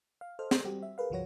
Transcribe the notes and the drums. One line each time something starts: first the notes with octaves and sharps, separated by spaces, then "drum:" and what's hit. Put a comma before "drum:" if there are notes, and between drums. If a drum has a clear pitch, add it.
F5
A4 C5 D#5 F6
drum: snare
G3 C4 F#4 G4
E5
G#4 A#4 B4 F5
C#2 G2 F3 F#4 C#5 A#6